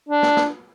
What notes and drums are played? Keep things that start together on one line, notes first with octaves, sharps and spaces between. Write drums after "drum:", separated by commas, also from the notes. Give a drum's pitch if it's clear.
D4
drum: snare
drum: snare